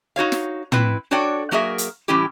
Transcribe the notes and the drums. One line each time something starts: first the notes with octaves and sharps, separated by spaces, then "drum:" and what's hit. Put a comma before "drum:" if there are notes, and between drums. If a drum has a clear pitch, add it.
D#4 F#4 C#5 F5
drum: snare
C4 E4 B4, drum: tom
D4 F#4 A4 C#5 D5 G5
F#3 A#3 F#4 G#4 A#4 E5
drum: hi-hat
A2 E3 G3 C#4 E4 G4